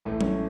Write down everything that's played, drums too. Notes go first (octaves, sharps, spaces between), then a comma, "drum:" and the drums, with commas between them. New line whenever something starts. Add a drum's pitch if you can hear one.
A1 A2 A3
C#4, drum: tom F#3